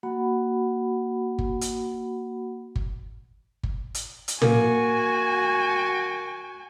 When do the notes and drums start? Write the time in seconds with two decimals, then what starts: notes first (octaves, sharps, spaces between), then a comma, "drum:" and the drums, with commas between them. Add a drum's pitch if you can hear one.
0.03 A#3 F#4 F#5 B5
1.39 drum: kick G1
1.61 drum: hi-hat
2.76 drum: kick G1
3.63 drum: kick G1
3.95 drum: hi-hat
4.28 drum: hi-hat
4.42 A#3 F#4 G#5, drum: tom